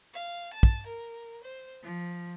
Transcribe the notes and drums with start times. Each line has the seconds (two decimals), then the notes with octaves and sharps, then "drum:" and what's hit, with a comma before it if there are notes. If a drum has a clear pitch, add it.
0.13 F5
0.52 A5
0.63 drum: kick
0.86 A#4
1.43 C5
1.83 F3